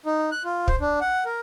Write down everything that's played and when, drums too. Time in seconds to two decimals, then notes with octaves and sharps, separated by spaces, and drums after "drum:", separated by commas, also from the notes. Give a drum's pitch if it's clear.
0.06 D#4
0.32 F#6
0.45 F4
0.68 C5, drum: kick
0.81 D4
1.01 F#5
1.25 A#4